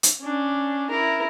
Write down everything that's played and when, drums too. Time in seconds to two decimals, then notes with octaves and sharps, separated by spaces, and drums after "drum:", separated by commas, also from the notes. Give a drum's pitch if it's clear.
0.03 drum: hi-hat
0.22 C#4 D4
0.91 E4 A#4